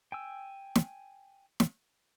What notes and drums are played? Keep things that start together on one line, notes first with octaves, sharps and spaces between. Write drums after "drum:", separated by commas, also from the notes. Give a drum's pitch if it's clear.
G5 G#5 E6
drum: snare
drum: snare